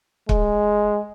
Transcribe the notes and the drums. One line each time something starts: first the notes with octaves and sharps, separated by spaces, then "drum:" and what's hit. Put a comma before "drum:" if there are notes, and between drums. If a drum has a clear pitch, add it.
G#3, drum: kick